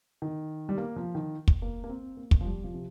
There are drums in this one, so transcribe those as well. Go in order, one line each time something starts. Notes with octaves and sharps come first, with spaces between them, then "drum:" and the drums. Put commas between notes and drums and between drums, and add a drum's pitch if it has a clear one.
D#3
G3
A#3
F3
D#3
drum: kick
A#3
A#3
C4
A#3
drum: kick
F3
G3
F3
C3